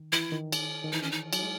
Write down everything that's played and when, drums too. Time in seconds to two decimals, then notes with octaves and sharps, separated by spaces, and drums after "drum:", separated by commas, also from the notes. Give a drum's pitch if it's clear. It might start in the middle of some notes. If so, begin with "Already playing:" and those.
Already playing: D#3
0.12 E3 E4
0.32 D#3
0.52 drum: cymbal
0.84 D#3
0.93 E3 D#4
1.03 C#4
1.12 D#4
1.33 F#3, drum: cymbal
1.43 G#3